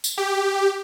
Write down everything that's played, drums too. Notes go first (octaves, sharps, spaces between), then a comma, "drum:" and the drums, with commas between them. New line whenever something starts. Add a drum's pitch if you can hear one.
drum: tambourine
G4